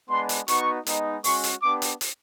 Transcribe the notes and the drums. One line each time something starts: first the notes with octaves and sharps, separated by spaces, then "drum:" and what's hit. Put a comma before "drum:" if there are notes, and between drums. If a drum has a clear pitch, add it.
G#3 B3 D4 C6
drum: hi-hat
B3 D#4 F#4 C#6, drum: hi-hat
G#3 B3 D#4, drum: hi-hat
G#3 C#4 F#4 C#6, drum: open hi-hat
drum: hi-hat
B3 D4 G4 D6
drum: hi-hat
drum: hi-hat